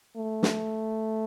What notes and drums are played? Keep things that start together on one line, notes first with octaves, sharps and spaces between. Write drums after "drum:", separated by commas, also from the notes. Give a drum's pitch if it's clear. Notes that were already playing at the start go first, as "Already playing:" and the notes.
A3
drum: snare